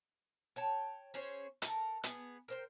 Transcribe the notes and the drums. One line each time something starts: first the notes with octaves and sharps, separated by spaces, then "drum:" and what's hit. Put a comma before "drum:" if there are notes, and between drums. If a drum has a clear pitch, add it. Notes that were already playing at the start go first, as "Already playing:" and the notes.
C#5 G5 A5
C#4 G#4 C5 C#5
A4 A#4, drum: hi-hat
B3 G#4, drum: hi-hat
A#4 C5 G5